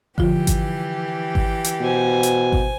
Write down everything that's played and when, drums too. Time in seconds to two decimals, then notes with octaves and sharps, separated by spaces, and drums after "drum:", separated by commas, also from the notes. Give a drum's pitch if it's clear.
0.18 D3 E3 F3 F4 G4, drum: kick G#1
0.47 drum: kick G#1, hi-hat
1.35 drum: kick G#1
1.64 drum: hi-hat
1.81 B2 C5 G#5
2.23 drum: hi-hat
2.52 drum: kick G#1